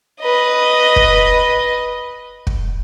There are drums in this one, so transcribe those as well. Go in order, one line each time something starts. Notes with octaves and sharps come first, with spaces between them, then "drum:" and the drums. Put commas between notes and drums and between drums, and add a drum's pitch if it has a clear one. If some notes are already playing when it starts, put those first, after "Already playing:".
B4 D#5
drum: kick
drum: kick